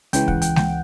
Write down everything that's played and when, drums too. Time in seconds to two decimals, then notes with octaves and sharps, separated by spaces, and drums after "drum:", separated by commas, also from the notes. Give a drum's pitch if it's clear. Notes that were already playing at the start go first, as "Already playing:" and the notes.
0.13 C#2 C#3 E3 G5, drum: hi-hat
0.28 F#5, drum: kick
0.42 G5, drum: hi-hat
0.56 G5, drum: snare G#3